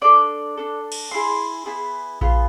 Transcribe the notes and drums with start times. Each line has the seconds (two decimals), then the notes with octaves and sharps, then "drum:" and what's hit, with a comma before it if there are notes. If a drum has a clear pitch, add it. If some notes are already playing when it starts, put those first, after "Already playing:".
0.01 D4 A4 D5
0.57 D4 A4
0.92 drum: cymbal
1.11 B3 E4 G#4 C6
1.66 B3 E4 G#4
2.21 B3 F4 G#4, drum: kick A#1